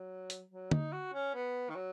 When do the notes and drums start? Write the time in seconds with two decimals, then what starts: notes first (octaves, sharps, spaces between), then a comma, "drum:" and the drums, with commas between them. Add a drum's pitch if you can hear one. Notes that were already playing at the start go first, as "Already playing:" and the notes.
Already playing: F#3
0.30 drum: hi-hat
0.51 F#3
0.71 D#4, drum: tom D3
0.92 F#4
1.14 C#4
1.34 B3
1.70 D#3
1.75 F#3